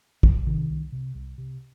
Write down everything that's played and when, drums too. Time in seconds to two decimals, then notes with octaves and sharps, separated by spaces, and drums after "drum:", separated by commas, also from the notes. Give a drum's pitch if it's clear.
0.23 C2 F3, drum: kick
0.47 C3 D#3
0.69 C2
0.92 C3
1.15 C2
1.38 C3